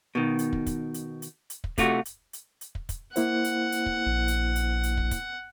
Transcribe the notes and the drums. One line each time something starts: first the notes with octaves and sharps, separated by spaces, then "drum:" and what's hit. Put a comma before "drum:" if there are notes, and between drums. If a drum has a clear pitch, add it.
B2 D#3
drum: hi-hat
drum: kick
drum: kick, hi-hat
drum: hi-hat
drum: hi-hat
drum: hi-hat
drum: kick
C3 A3 F4 F#4, drum: kick, hi-hat
drum: hi-hat
drum: hi-hat
drum: hi-hat
drum: kick
drum: kick, hi-hat
A#3 E4 C5 F#5, drum: hi-hat
drum: hi-hat
drum: hi-hat
drum: kick
A#1
drum: hi-hat
drum: hi-hat
drum: hi-hat
drum: kick
drum: kick, hi-hat